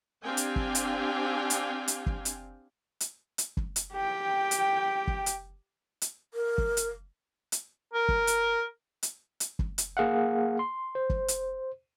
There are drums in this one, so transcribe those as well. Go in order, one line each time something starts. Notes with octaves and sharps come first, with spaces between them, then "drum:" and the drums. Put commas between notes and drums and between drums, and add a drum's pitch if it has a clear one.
C4 D4 G4 F5 G5 G#5
drum: hi-hat
drum: kick
drum: hi-hat
drum: hi-hat
drum: hi-hat
drum: kick
drum: hi-hat
drum: hi-hat
drum: hi-hat
drum: kick
drum: hi-hat
G4 G5
drum: hi-hat
drum: kick
drum: hi-hat
drum: hi-hat
A#4
drum: kick
drum: hi-hat
drum: hi-hat
A#4
drum: kick
drum: hi-hat
drum: hi-hat
drum: hi-hat
drum: kick
drum: hi-hat
A#3 G#4 F5 F#5
C6
C5
drum: kick
drum: hi-hat